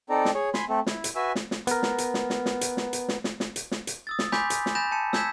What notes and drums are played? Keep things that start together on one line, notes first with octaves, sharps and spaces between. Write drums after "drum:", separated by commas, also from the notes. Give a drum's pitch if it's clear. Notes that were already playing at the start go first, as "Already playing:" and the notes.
C4 D#4 A4 D5 A#5
drum: snare
G#4 C#5
G#5 B5 C6, drum: snare
A3 C4 A4
E4, drum: snare
drum: hi-hat
F#4 B4 E5 G#5 E6
drum: snare
drum: snare
B3 A#4, drum: hi-hat
drum: snare
drum: hi-hat
drum: snare
drum: snare
drum: snare
drum: hi-hat
drum: snare
drum: hi-hat
drum: snare
drum: snare
drum: snare
drum: hi-hat
drum: snare
drum: hi-hat
D#6 E6 A6
drum: snare
G#5 B5 C6 D6 G6 B6, drum: snare
drum: hi-hat
drum: snare
G#5 B5 G6 A6 A#6 E7
A5 G6 C#7 E7
E6 G6 G#6 B6 E7, drum: snare